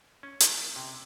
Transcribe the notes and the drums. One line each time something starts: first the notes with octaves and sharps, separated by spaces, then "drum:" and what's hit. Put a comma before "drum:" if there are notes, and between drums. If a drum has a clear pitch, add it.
C#4
drum: hi-hat
C3